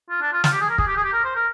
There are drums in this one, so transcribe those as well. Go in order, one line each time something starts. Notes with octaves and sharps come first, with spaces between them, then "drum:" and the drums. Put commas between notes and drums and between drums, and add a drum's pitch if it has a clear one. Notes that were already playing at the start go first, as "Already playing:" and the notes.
F4
D4
F4
F4, drum: snare
G4
G#4
A#4
G#4, drum: kick
G4
G#4
G4
A#4
C5
A#4